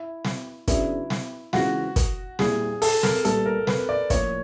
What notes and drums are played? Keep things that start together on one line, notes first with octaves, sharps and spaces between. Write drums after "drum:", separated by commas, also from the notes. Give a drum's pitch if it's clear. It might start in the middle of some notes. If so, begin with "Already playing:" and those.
Already playing: E4
drum: snare
C#3 F#3 B3 D4 E4, drum: kick, hi-hat
drum: snare
C#3 E3 G#3 C4 F4 F#4, drum: snare
drum: kick, hi-hat
A#2 G3 C4 E4 G#4, drum: snare
A4, drum: open hi-hat
A#4, drum: snare
C2 A#2 G3 B3 A4, drum: hi-hat
A#4
B4, drum: snare
D5
A2 F3 A#3 C#5, drum: kick, hi-hat